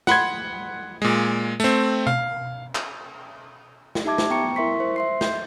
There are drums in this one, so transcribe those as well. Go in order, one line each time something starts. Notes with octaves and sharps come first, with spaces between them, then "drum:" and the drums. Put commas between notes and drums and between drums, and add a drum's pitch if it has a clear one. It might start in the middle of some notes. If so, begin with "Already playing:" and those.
F#5 B5 C6 G#6, drum: snare
A#2 G#3
A3 C4, drum: tambourine
F5, drum: tom B2
drum: clap
drum: snare
D#4 G4 E5 A5 D6 G#6
drum: snare
B3 G5 A#5 C#6 C#7
E4 A#4 E5 C6 C#6 B6
C5
E5 C6 C7
G6, drum: snare